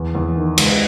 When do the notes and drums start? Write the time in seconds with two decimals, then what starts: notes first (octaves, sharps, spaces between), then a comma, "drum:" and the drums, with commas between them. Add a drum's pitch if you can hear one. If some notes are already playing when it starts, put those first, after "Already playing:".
Already playing: E2
0.15 E2
0.36 D#3
0.58 C#2, drum: cymbal